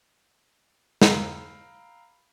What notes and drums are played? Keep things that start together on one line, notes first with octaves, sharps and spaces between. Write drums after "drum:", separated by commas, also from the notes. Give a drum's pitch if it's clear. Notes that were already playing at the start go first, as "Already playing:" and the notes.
F5 G5 A#5 B5 E6, drum: snare